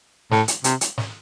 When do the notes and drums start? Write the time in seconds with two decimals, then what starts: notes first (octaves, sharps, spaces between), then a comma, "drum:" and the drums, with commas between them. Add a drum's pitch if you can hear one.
0.31 A2, drum: snare
0.48 drum: hi-hat
0.64 C3, drum: hi-hat
0.81 drum: hi-hat
0.98 drum: snare